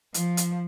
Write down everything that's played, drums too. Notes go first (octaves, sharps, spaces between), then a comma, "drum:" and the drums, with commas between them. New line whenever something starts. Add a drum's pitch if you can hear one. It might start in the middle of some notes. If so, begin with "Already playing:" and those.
F3, drum: hi-hat
drum: hi-hat